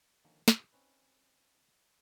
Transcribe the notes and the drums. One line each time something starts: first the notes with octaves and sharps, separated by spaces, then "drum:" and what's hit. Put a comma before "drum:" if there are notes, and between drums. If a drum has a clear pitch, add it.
D3 D#3 F3 A#3 C#4
D2 G2 B2 G#3 A#3, drum: snare
C4 C#4 D#4 B4